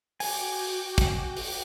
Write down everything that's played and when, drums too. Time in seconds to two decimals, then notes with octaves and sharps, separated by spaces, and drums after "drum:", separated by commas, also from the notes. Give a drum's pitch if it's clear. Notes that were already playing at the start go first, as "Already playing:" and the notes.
0.20 F#4 G5 G#5 D6, drum: open hi-hat
0.59 drum: open hi-hat
0.98 drum: kick, hi-hat
1.37 drum: open hi-hat